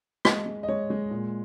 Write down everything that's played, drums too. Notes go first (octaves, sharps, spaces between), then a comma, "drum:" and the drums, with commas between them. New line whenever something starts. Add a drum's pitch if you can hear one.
G#3 D#5, drum: rim click
G#3
D#5
G#3 C#5
G#3
A#2